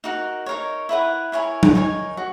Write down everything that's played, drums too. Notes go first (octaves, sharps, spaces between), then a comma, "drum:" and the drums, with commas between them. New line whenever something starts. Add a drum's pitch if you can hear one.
D#4 F#4 A#4
D#4 A#4 C#5
E4 B4 F#5 A#5
E4 A#4 C#5 G#5
drum: tom F#3
D#4 A#4 C#5 G#5
F#4